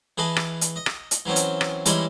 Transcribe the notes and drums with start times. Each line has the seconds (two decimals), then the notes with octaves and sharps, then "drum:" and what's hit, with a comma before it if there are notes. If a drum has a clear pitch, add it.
0.18 E3 G#4 B4 D#5 A5
0.36 drum: rim click
0.61 drum: hi-hat
0.76 D#5
0.86 drum: rim click
1.11 drum: hi-hat
1.26 E3 F#3 C4 C#4
1.36 drum: hi-hat
1.61 drum: rim click
1.86 E3 G3 G#3 C#4 D#4 E4, drum: hi-hat